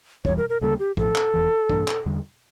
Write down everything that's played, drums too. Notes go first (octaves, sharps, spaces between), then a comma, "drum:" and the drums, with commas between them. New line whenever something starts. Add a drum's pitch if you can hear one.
E1 E2 E3 G3 C#5, drum: kick
A#4
A#4
D2 C#3 G3 A#3 A4
G4
A1 A2 F3 A4, drum: kick
drum: clap
F1 E2 E3
G2 E3 A#3 D4, drum: kick
drum: clap
E2 D3 G3